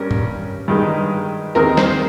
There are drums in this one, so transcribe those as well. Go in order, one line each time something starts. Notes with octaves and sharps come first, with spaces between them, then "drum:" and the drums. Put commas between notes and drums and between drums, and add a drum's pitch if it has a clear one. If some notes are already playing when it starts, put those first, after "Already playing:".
Already playing: G2 G3 C#4 A#4
drum: tom
G2 D#3 G#3
D#2 D#3 G#3 C4 A#4
C5, drum: snare